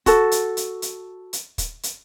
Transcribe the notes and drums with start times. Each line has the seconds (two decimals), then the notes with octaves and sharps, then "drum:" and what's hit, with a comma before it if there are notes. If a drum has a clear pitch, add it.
0.06 F#4 A4, drum: kick, hi-hat
0.32 drum: hi-hat
0.57 drum: hi-hat
0.82 drum: hi-hat
1.33 drum: hi-hat
1.58 drum: kick, hi-hat
1.83 drum: hi-hat